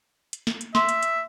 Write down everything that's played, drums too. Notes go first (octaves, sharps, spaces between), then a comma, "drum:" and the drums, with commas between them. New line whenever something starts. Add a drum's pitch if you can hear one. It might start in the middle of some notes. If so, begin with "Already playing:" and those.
drum: hi-hat
drum: snare
drum: hi-hat
E5 C6, drum: snare
drum: hi-hat
drum: hi-hat